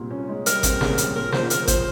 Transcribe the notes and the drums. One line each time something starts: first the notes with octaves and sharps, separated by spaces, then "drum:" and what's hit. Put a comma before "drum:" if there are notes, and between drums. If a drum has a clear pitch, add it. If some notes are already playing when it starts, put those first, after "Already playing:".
Already playing: C2 A#2
C#4
G#3
G3 A#4, drum: hi-hat
C4, drum: kick G#1, hi-hat
C#3, drum: snare
C#3, drum: hi-hat
A#2 A#4
F3 C5, drum: snare
F3 A#4, drum: hi-hat
A#2 C5, drum: kick G#1, hi-hat